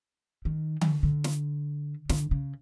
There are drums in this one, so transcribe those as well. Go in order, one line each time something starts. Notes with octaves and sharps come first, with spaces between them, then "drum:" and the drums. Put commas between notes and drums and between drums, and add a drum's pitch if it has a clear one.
D#3
drum: tom D3
D3
drum: snare
D3, drum: snare
C#3